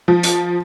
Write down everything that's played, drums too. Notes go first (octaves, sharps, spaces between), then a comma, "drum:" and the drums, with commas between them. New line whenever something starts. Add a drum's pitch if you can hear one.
F3
drum: hi-hat